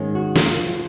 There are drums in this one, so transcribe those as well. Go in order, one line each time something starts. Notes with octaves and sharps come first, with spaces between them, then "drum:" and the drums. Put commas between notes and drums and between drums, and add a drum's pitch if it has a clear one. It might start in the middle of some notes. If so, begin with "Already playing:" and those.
Already playing: G#2 D#3 G#3 C#4
F#4
drum: snare
F2 C#3 F3 F4